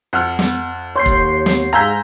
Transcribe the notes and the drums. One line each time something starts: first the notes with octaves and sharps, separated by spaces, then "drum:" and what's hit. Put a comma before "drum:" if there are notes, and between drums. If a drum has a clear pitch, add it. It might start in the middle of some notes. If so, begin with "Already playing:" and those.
F2 F#5 F6
drum: snare
D#2 C#5 C6 G6 C7
drum: kick
drum: snare
G#2 F5 G#5 A#5 E6 G6 B6